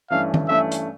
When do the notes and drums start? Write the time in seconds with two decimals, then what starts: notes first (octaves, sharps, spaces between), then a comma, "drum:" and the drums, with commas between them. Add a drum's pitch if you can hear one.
0.10 G2 E3 A3 C#4 F5
0.34 drum: tom D#3
0.48 G2 E3 A3 C#4 E5
0.71 drum: hi-hat